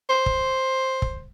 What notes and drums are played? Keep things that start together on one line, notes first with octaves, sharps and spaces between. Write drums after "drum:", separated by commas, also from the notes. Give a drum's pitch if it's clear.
C5
drum: kick
drum: kick